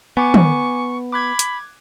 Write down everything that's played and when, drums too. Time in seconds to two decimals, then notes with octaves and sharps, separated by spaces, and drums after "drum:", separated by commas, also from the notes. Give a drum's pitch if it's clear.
0.17 B3 G#5 C#6 D6
0.34 drum: tom
1.12 B5 D6 F#6 G#6
1.39 drum: hi-hat